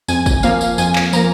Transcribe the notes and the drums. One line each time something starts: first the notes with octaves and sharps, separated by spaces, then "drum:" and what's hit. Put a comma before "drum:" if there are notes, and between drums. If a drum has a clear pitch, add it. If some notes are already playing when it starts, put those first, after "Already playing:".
F2 G#5, drum: tambourine
drum: kick, tambourine
F3 A#3 F5, drum: tambourine
drum: tambourine
F2 G#5, drum: tambourine
drum: clap
F3 A#3 A#5, drum: tambourine